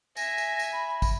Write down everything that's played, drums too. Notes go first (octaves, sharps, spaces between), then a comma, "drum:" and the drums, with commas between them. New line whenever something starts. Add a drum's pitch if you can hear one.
E5 G#5 A#6, drum: tambourine
drum: tambourine
drum: tambourine
B5
drum: kick, tambourine